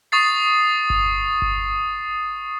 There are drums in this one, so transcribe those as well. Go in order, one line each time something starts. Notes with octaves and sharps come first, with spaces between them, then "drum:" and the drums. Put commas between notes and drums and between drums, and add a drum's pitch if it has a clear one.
C#6 D#6 A6 C7
drum: kick G1
drum: kick G1